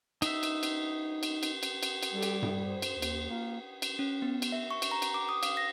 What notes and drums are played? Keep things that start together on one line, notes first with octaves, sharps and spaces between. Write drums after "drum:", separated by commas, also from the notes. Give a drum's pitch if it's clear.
D#4 E5, drum: cymbal
drum: cymbal
drum: cymbal
drum: cymbal
drum: cymbal
drum: cymbal
drum: cymbal
drum: cymbal
G3 G4 A4
drum: cymbal
drum: tom G2
C5
drum: cymbal
D#2
drum: cymbal
A#3 F4
drum: cymbal
C#4
B3
drum: cymbal
E5
C#6
drum: cymbal
A#5
drum: cymbal
D6
D#6
F5, drum: cymbal
A#6